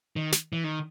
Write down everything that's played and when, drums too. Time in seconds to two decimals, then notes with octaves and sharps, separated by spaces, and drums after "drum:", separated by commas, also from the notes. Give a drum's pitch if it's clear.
0.16 D#3
0.32 drum: snare
0.53 E3
0.64 D#3